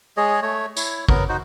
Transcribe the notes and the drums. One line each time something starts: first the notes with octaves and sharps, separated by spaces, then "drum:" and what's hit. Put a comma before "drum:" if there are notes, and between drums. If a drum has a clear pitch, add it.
G#3 G#4 C#5 D#5
A3 C#5
E4 C#5, drum: tambourine
F#3 B3 A#4, drum: kick
D#4 F#4 C5